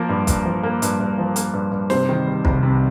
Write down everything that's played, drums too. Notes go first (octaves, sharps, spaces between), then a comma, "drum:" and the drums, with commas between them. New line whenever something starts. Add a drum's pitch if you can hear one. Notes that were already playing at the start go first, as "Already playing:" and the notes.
Already playing: F3 A#3 A#4
G2
G2, drum: kick, hi-hat
F3
A#3
G2, drum: hi-hat
G2
F3
A#3, drum: hi-hat
G2
G2
C3 C5, drum: snare
D#3
G3
C2, drum: kick
C3